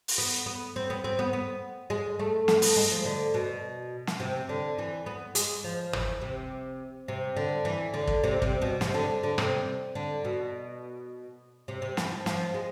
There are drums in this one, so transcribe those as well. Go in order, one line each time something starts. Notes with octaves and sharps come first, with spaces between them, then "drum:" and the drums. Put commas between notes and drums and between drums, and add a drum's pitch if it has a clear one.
drum: open hi-hat
B3
B3
C4
B3
C4
B3
B3
G#3
A3
A3, drum: snare
B3, drum: open hi-hat
G#3
F3
D3
B2
drum: snare
C3
D3
E3
B3
G#3, drum: hi-hat
F3
E3, drum: tom
C3
C3
D3
E3
D3
drum: kick
C3
C3, drum: kick
B2
C3, drum: snare
D3
D3
C3, drum: rim click
D3
B2
C3
C3
E3, drum: snare
F3
F3, drum: snare
G#3